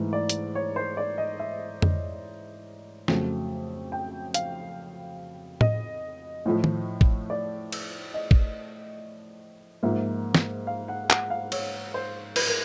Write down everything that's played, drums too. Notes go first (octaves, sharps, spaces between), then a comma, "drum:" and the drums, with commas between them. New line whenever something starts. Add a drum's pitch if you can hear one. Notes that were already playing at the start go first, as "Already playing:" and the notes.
Already playing: G#2 E3 A3
D5
drum: hi-hat
C#5
C5
D5
D#5
E5
drum: tom F2
F2 C#3 F#3 A3, drum: snare
G5
F5, drum: hi-hat
D#5, drum: tom A2
A2 F3 A3
drum: tom D#3
drum: kick A1
D5
drum: cymbal
D#5
drum: kick A1
G#2 F3 A#3 E5
drum: snare
F5
F#5
F#5, drum: clap
F5
C#5, drum: cymbal
C5
B4, drum: cymbal
A#4